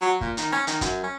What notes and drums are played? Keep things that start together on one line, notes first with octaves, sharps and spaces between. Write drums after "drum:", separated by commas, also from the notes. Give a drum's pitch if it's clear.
F#3
A#2, drum: kick
D#3, drum: hi-hat
C#4, drum: rim click
D#3, drum: hi-hat
F#2, drum: kick, hi-hat
C#4